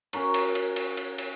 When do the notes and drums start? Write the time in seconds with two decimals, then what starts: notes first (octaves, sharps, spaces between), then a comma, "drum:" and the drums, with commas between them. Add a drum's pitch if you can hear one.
0.13 C#4 F#4 A#4 C#5, drum: cymbal
0.34 drum: cymbal
0.55 drum: cymbal
0.76 drum: cymbal
0.97 drum: cymbal
1.18 drum: cymbal